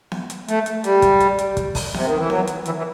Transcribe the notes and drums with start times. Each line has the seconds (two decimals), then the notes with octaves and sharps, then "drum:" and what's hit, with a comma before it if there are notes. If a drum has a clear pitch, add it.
0.12 drum: snare B3
0.30 drum: hi-hat
0.48 A3, drum: hi-hat
0.66 drum: hi-hat
0.84 G3, drum: hi-hat
1.02 drum: kick, hi-hat
1.20 drum: hi-hat
1.39 drum: hi-hat
1.57 drum: kick, hi-hat
1.75 drum: kick, open hi-hat
1.94 C3, drum: snare B3
2.06 D#3
2.17 E3
2.30 F#3, drum: snare B3
2.47 drum: hi-hat
2.66 E3, drum: hi-hat
2.78 E3